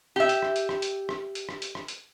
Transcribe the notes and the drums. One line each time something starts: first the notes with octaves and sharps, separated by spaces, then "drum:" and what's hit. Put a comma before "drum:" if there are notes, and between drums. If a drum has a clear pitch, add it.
G4 E5
drum: hi-hat
drum: rim click
drum: hi-hat
drum: rim click
drum: hi-hat
drum: rim click
drum: hi-hat
drum: rim click
drum: hi-hat
drum: rim click
drum: hi-hat